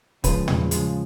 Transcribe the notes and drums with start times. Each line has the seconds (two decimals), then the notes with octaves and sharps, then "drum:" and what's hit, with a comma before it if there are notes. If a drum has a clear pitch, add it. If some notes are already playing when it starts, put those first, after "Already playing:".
0.24 C#3 F3 G#3 B4, drum: kick, hi-hat
0.48 drum: tom
0.71 C#3 F3 G#3, drum: hi-hat